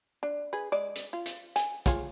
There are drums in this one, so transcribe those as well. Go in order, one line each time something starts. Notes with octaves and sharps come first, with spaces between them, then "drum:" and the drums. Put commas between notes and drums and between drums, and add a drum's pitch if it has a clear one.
D4
G#4 B4
G#3 D5
drum: hi-hat
F4
drum: hi-hat
G#5, drum: hi-hat
F4 G#4 C#5, drum: kick, hi-hat